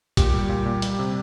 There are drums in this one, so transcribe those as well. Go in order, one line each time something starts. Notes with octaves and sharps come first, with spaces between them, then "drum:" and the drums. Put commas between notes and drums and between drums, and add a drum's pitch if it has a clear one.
A#2 G4, drum: kick, hi-hat
G3
A#2
A#2
G3, drum: hi-hat
C3